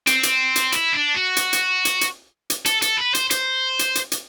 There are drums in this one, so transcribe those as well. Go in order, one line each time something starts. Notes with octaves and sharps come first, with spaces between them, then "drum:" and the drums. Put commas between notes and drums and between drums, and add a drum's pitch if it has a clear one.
C4, drum: hi-hat
drum: hi-hat
drum: hi-hat
E4, drum: hi-hat
D4
F#4
drum: hi-hat
drum: hi-hat
drum: hi-hat
drum: hi-hat
drum: hi-hat
A4, drum: hi-hat
A4, drum: hi-hat
B4
C5, drum: hi-hat
C5, drum: hi-hat
drum: hi-hat
drum: hi-hat
drum: hi-hat